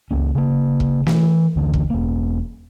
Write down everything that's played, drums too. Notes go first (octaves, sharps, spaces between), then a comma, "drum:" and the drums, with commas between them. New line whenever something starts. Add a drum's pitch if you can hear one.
C#2 A#3 C#4
C#3 A#3
drum: kick
E3, drum: snare
D2 D3 E3
drum: kick
E1 A#3